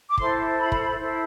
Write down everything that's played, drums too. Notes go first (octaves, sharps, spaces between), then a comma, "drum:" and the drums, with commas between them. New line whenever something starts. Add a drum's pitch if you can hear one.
D6
E4 A4 C5 C6, drum: kick
B5
drum: kick
E4 A4 C5